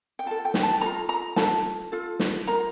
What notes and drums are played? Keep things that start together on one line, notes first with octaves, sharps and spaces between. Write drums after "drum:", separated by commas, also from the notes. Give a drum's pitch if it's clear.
G5
F4 A4 A5
G5
drum: snare
A5
F4 A4 A#5
A#5
F4 A4 A5, drum: snare
F4 A4
drum: snare
F4 A#4 A#5